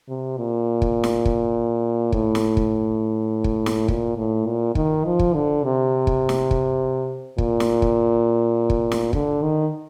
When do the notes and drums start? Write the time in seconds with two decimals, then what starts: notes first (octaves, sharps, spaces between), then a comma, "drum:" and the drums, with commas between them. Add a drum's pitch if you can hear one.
0.08 C3
0.37 A#2
0.82 drum: kick
1.04 drum: snare
1.25 drum: kick
2.12 A2, drum: kick
2.35 drum: snare
2.57 drum: kick
3.44 drum: kick
3.66 drum: snare
3.88 A#2, drum: kick
4.17 A2
4.47 A#2
4.75 D#3, drum: kick
5.05 F3
5.19 drum: kick
5.34 D3
5.64 C3
6.07 drum: kick
6.29 drum: snare
6.51 drum: kick
7.38 A#2, drum: kick
7.60 drum: snare
7.82 drum: kick
8.70 drum: kick
8.92 drum: snare
9.13 D3, drum: kick
9.42 D#3